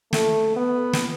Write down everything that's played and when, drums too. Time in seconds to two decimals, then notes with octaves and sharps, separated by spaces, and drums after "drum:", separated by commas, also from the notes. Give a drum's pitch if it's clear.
0.13 A3, drum: snare
0.56 B3
0.93 drum: snare